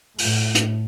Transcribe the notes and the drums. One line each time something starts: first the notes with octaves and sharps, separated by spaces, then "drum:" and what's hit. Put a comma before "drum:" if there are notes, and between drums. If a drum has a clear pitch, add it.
A2, drum: open hi-hat
drum: hi-hat